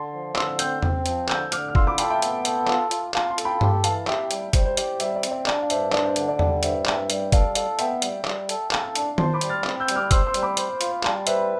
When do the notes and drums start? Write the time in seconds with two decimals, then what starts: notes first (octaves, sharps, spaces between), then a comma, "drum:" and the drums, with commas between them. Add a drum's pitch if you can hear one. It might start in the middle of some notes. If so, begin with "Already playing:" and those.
Already playing: D3 A5 C6
0.13 F3
0.36 D3 C6 E6, drum: clap
0.59 C4 E6 G6, drum: hi-hat
0.82 C4, drum: tom E2
1.06 F3, drum: hi-hat
1.29 D3 E6 G6, drum: clap
1.52 D3 D6 F6, drum: hi-hat
1.69 F6
1.75 F4 C6 E6, drum: kick
1.87 B5 D6
1.98 A4 G5 B5, drum: hi-hat
2.04 A5
2.10 E5 G5
2.22 B3, drum: hi-hat
2.45 A4, drum: hi-hat
2.68 F4, drum: clap
2.91 F4, drum: hi-hat
3.14 F4 F5 A5, drum: clap
3.30 A5 C6
3.38 A4, drum: hi-hat
3.45 G5 B5
3.61 G4, drum: tom G2
3.84 E3 F5 A5, drum: hi-hat
4.07 G4 E5 G5, drum: clap
4.31 G3, drum: hi-hat
4.53 G3 C5, drum: kick, hi-hat
4.65 C5
4.77 G4 D5, drum: hi-hat
5.00 G3 C5 E5, drum: hi-hat
5.16 D5
5.23 C4, drum: hi-hat
5.31 D5
5.46 D4 D5, drum: clap
5.62 F5
5.70 G2 C5 E5, drum: hi-hat
5.93 D4 D5, drum: clap
6.05 C5
6.16 D3 C5, drum: hi-hat
6.29 D5
6.39 G3 D5, drum: tom E2
6.63 G2 C5 E5, drum: hi-hat
6.86 G2 E5 G5, drum: clap
7.10 G3, drum: hi-hat
7.32 A4 D5 F5, drum: kick, hi-hat
7.55 A4 D5 F5, drum: hi-hat
7.79 B3 E5 G5, drum: hi-hat
8.02 G3, drum: hi-hat
8.25 G3, drum: clap
8.49 A4, drum: hi-hat
8.71 A4 F5 A5, drum: clap
8.95 D4, drum: hi-hat
9.18 C5 A5 C6, drum: tom D#3
9.33 B5 D6
9.41 G3, drum: hi-hat
9.49 F6 A6
9.64 C4, drum: clap
9.80 E6 G6
9.88 G3, drum: hi-hat
9.95 D6 F6
10.11 C5 C6 E6, drum: kick, hi-hat
10.27 C6 E6
10.34 G3, drum: hi-hat
10.42 B5 D6
10.57 C5, drum: hi-hat
10.81 F4, drum: hi-hat
11.04 G3 A5 C6, drum: clap
11.27 B4 C5 E5, drum: hi-hat